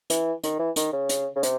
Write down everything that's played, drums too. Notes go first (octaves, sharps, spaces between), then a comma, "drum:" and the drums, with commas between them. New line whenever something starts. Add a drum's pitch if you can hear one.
E3, drum: hi-hat
D#3, drum: hi-hat
E3
D#3, drum: hi-hat
C#3
drum: hi-hat
C#3
C3, drum: hi-hat